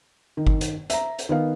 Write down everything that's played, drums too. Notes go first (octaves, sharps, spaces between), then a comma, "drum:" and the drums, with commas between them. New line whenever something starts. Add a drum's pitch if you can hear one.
D#3
drum: kick G1
drum: hi-hat
E5 A#5, drum: hi-hat
drum: hi-hat
D#3 B3 F5